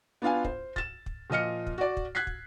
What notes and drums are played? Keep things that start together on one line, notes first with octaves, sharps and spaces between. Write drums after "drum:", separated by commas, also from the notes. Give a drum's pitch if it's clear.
B3 D4 F4 F5 G#5
C5, drum: kick
A6 E7, drum: kick
drum: kick
A#2 F3 D#5 F6 C#7
drum: kick
F#4 D5
drum: kick
F#6 G#6 B6 C7
drum: kick